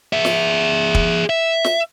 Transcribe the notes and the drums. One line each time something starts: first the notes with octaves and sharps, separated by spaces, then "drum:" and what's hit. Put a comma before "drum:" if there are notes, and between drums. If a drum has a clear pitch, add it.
G#4 E5
drum: snare
drum: kick
E5
drum: snare